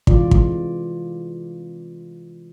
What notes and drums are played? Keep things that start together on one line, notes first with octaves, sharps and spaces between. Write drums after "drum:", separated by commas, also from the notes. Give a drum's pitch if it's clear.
C3 E3 G#3 F4 D5, drum: kick
drum: kick